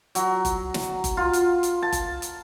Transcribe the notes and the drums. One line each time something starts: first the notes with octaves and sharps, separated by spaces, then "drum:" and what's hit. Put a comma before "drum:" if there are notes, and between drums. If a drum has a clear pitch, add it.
F#3, drum: hi-hat
drum: kick F#1, hi-hat
drum: snare
drum: kick F#1, hi-hat
F4
drum: hi-hat
drum: hi-hat
A5
drum: kick F#1, hi-hat
drum: hi-hat